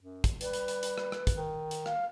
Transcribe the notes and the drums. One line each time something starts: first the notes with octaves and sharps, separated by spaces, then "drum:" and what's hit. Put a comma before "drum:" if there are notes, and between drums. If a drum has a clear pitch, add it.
F#2
drum: kick, hi-hat
G3 B4, drum: hi-hat
drum: hi-hat
drum: hi-hat
drum: hi-hat
drum: rim click
drum: rim click
drum: kick, hi-hat
D#3
drum: hi-hat
F5, drum: rim click